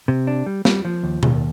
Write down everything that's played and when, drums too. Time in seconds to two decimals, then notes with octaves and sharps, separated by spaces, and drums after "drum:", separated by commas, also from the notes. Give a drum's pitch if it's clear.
0.08 C3
0.27 D4
0.46 G3
0.65 G3, drum: snare
0.85 F3
1.03 D#2
1.23 D#2, drum: tom B2